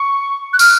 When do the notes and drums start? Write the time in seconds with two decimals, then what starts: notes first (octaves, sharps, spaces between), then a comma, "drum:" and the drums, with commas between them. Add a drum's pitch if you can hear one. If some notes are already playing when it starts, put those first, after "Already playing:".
Already playing: C#6
0.53 F#6
0.59 F6, drum: tambourine